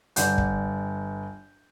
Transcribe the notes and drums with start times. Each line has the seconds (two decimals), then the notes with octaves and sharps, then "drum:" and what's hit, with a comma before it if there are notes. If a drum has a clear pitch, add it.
0.16 G1 D5 F#5 G6, drum: hi-hat
0.38 drum: kick